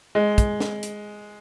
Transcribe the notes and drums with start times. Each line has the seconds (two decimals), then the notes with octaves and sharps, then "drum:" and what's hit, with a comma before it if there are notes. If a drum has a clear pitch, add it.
0.15 G#3
0.38 drum: kick, hi-hat
0.60 drum: snare
0.83 drum: hi-hat